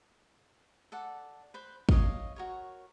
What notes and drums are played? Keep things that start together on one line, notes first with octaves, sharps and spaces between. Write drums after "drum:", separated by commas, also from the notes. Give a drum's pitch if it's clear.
A4 D5 F#5
B4 C5
C#5 D#5 F5, drum: kick
F#4 A#4 C#5